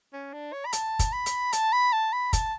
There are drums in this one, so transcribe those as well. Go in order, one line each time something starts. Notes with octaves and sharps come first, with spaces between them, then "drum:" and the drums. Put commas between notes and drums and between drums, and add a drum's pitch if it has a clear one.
C#4
D4
C#5
B5
A5, drum: hi-hat
drum: kick, hi-hat
B5
drum: hi-hat
A5, drum: hi-hat
B5
A5
B5
A5, drum: kick, hi-hat